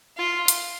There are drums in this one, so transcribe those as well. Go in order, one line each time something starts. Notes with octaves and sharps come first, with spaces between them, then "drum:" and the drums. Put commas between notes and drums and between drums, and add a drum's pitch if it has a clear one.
F4
drum: hi-hat